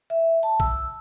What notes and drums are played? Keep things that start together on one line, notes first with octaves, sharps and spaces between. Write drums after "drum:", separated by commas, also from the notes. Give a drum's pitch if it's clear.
E5
A5
E6, drum: kick A#1